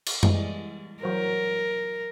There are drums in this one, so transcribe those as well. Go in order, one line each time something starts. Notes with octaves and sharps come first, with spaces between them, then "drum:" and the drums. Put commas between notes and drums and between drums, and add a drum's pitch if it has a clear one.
drum: cymbal
E3 G3 G#3, drum: tom F#2
E3 F#3 A#4 C5